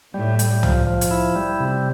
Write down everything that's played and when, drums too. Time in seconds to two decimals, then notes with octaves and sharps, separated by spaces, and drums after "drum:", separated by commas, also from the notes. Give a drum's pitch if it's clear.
0.14 A2 G3
0.39 G3, drum: hi-hat
0.63 F3, drum: tom
0.87 F3
1.01 drum: hi-hat
1.11 E4
1.36 G3
1.60 C3